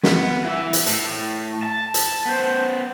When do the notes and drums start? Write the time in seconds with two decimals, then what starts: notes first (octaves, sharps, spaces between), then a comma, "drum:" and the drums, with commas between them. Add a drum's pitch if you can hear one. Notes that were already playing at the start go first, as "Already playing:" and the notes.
0.03 B3, drum: snare
0.45 E3 E5
0.73 drum: hi-hat
0.86 A2, drum: hi-hat
1.63 A5
1.94 drum: hi-hat
2.26 B3 C5